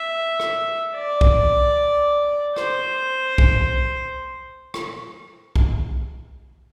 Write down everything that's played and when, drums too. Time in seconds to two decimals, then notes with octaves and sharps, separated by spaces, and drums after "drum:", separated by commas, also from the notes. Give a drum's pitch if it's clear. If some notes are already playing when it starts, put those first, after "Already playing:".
Already playing: E5
0.40 drum: rim click
0.95 D5
1.21 drum: kick B1
2.56 C5, drum: rim click
3.38 drum: kick B1
4.74 drum: rim click
5.56 drum: kick B1